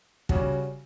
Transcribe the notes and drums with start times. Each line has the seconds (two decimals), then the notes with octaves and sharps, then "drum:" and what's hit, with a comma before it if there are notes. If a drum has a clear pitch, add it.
0.29 C#3 G3 C#4 F#4, drum: kick